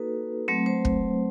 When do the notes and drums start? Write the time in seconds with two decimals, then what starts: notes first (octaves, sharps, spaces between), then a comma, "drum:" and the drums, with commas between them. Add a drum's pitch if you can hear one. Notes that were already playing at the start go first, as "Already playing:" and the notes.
Already playing: A#3 D#4 F#4 A4 B4
0.48 F#3 A3 C4
0.66 C5
0.85 drum: kick